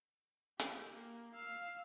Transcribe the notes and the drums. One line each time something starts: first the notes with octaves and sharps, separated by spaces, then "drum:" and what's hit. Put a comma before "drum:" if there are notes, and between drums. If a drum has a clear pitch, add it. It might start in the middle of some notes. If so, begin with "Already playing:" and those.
G4, drum: hi-hat
A#3
F5 E6